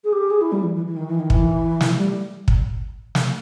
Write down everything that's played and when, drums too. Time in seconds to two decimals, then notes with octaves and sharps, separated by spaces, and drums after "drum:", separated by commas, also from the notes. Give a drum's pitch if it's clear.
0.04 G#4
0.12 G4
0.30 G#4
0.41 E4
0.52 G3
0.63 E3
0.74 E3
0.85 E3
0.96 D#3
1.07 E3
1.19 D#3
1.30 E3, drum: kick
1.81 drum: snare
1.97 G3
2.48 drum: kick
3.15 drum: snare